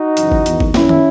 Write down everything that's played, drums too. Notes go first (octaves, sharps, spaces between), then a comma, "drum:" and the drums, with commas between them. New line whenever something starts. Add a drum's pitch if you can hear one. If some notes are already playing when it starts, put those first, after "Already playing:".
Already playing: D#4 F#4
F#2 C#3 E3, drum: hi-hat
drum: kick G#1
E2 D#3, drum: hi-hat
drum: kick G#1
F#2 D#3 C#4 E4, drum: snare
drum: tom